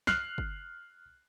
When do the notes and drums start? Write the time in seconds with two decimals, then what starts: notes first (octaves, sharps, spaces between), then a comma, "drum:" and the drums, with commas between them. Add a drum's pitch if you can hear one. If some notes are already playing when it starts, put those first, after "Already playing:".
0.07 F6 F#6 C7, drum: snare
0.38 drum: kick G1